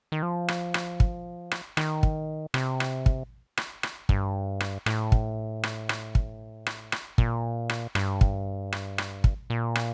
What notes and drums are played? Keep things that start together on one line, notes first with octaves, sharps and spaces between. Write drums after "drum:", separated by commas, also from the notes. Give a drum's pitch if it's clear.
D#3
F3
drum: rim click
drum: rim click
drum: kick
drum: rim click
D#3, drum: rim click
drum: kick
C3, drum: rim click
drum: rim click
drum: kick
drum: rim click
drum: rim click
G2, drum: kick
drum: rim click
A2, drum: rim click
drum: kick
drum: rim click
drum: rim click
drum: kick
drum: rim click
drum: rim click
A#2, drum: kick
drum: rim click
G2, drum: rim click
drum: kick
drum: rim click
drum: rim click
drum: kick
A#2
drum: rim click